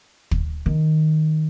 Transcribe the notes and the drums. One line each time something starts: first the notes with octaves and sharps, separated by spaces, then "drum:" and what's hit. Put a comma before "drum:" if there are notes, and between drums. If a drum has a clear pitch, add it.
drum: kick
D#3